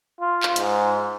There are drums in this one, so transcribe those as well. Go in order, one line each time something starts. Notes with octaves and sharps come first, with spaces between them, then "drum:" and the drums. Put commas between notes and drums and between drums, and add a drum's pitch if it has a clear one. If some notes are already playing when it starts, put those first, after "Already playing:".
F4
drum: clap
G#2, drum: hi-hat